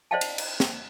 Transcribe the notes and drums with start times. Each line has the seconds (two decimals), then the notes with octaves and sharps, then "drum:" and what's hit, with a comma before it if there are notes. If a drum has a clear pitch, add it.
0.11 C5 D5 D#5 F5 G5 A5
0.21 drum: cymbal
0.38 drum: cymbal
0.60 drum: snare